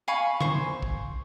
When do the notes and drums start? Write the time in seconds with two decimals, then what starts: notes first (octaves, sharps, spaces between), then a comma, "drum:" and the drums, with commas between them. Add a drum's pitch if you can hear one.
0.08 F5 G#5 B5 C#6
0.41 C5 C#6, drum: tom
0.82 drum: kick